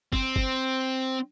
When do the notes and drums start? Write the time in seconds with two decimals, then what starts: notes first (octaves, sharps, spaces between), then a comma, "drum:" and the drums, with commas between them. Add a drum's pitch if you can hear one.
0.13 C4, drum: kick
0.36 drum: kick